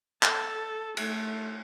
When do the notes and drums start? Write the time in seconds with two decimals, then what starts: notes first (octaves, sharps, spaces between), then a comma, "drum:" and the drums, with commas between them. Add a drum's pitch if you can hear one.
0.23 A4, drum: clap
0.97 A3, drum: cymbal